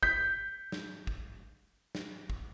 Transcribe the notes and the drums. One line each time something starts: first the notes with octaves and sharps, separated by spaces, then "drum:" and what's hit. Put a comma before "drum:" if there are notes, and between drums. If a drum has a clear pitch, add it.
G6 B6, drum: kick
drum: snare
drum: kick
drum: snare
drum: kick